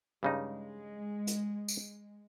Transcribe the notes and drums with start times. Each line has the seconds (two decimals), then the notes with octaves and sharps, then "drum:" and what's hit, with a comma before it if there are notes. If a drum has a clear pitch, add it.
0.23 G2 C#3 G#3 D#4
1.27 drum: hi-hat
1.68 drum: tambourine